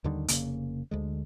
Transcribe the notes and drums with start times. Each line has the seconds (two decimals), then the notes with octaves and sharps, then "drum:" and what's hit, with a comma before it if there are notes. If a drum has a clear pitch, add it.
0.04 D#2 D3 D#3 G3
0.28 F1 F#2 C#3 A#3, drum: hi-hat
0.91 D2 D3 G#3